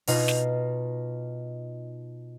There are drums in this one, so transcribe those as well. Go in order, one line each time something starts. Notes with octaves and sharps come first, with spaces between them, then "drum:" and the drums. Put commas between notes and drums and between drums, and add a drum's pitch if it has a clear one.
B2 D#4 F4 D#5 F5 C7, drum: open hi-hat
drum: snare